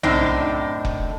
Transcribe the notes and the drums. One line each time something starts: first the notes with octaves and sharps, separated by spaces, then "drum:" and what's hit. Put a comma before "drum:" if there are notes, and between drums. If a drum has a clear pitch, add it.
F#2 A2 C4 D4 D#4, drum: tom B1
drum: kick F1